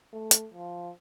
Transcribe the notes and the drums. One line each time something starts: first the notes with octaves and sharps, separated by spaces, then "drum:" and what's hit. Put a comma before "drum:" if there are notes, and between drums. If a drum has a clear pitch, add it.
A3
drum: hi-hat
F3